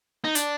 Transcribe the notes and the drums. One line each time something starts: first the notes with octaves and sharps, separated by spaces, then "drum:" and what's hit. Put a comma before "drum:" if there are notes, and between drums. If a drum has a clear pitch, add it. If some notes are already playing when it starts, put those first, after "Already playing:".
D#4
D4, drum: hi-hat